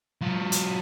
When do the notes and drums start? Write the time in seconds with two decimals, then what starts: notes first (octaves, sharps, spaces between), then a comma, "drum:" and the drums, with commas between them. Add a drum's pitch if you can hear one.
0.21 F#3 F4
0.52 drum: hi-hat